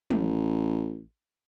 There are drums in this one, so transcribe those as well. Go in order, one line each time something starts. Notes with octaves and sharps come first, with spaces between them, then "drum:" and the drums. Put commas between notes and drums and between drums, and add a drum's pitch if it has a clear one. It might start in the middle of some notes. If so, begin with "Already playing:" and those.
A1, drum: tom